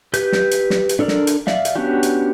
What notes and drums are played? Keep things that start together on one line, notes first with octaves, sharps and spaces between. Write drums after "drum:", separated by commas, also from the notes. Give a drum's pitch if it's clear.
G4 B4 G6, drum: hi-hat
drum: snare
drum: hi-hat
drum: snare
drum: hi-hat
D4 A4 A#4 D5
drum: snare
drum: hi-hat
D5 E5 F5, drum: snare
drum: hi-hat
B3 C#4 D4 F#4 G4
drum: hi-hat